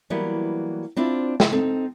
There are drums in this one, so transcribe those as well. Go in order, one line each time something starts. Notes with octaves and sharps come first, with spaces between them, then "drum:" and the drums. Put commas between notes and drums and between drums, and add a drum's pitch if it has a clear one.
E3 F#3 G3 A#3 B3
C4 D4 E4 F4 C5
drum: snare
C4 D#4 A4